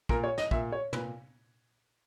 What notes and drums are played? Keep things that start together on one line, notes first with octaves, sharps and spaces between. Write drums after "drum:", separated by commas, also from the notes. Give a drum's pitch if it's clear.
A#2 A#4, drum: kick
C#5
D#5, drum: snare
A#2 E5, drum: kick
C#5
A#2 B4, drum: tom